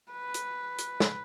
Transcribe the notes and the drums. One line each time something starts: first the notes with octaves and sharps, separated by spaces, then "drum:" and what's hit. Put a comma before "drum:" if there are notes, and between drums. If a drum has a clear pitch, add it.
B4
drum: hi-hat
drum: hi-hat
drum: snare